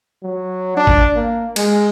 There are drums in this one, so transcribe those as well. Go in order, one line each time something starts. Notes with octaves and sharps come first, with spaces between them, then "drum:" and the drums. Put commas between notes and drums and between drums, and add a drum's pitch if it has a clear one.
F#3
D4
drum: kick G#1
A#3
G#3, drum: cymbal